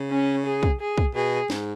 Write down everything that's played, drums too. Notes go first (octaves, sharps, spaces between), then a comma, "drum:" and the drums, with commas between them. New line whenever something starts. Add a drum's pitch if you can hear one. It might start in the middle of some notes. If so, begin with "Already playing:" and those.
Already playing: C#3
C#4
G#4
drum: kick
G#4
drum: kick
B2 G#4
G#2, drum: snare